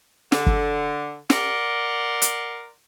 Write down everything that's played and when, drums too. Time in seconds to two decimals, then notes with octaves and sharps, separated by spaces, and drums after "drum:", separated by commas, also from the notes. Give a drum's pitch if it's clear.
0.32 D3, drum: snare
0.46 drum: kick
1.30 A#4 D5 F#5 C6, drum: snare
2.22 drum: hi-hat